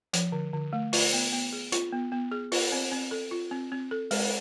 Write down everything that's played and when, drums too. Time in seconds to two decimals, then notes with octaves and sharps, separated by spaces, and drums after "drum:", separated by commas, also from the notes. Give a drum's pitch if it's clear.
0.13 F3, drum: hi-hat
0.32 D3
0.53 D3
0.73 A3
0.93 F4, drum: open hi-hat
1.13 B3
1.33 B3
1.53 G#4
1.72 F4, drum: hi-hat
1.93 B3
2.12 B3
2.32 G#4
2.52 F4, drum: open hi-hat
2.72 C4
2.92 C4
3.11 A4
3.31 F4
3.51 C4
3.72 C4
3.91 A4
4.11 G#3, drum: open hi-hat